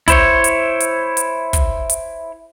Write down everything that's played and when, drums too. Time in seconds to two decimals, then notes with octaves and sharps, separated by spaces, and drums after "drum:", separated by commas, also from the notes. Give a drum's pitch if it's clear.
0.08 E4 C5 C#5, drum: kick, hi-hat
0.44 drum: hi-hat
0.80 drum: hi-hat
1.17 drum: hi-hat
1.53 drum: kick, hi-hat
1.90 drum: hi-hat